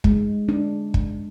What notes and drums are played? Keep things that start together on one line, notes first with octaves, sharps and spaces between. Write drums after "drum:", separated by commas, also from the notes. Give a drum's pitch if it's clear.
G#3, drum: kick
D4
drum: kick